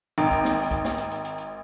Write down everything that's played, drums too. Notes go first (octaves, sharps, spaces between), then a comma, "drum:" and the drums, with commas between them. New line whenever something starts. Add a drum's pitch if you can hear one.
G#1 G5 A#5, drum: hi-hat
drum: kick B1, hi-hat
drum: snare
drum: open hi-hat
drum: kick B1, hi-hat
drum: snare
drum: hi-hat
drum: hi-hat
drum: hi-hat
drum: hi-hat